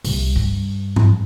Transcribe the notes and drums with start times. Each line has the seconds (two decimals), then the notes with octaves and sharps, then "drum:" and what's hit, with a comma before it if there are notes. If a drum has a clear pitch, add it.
0.04 C2, drum: open hi-hat
0.36 G2
0.96 drum: tom G#2